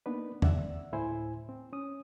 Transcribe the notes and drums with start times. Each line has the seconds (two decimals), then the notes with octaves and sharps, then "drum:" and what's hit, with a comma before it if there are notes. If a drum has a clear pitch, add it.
0.06 A#3 B3 D4 D#4 B4
0.42 D5 E5 F#5 E6, drum: tom
0.92 D2 A2 E4 C5 G#5
1.49 C4
1.73 C#4 D#6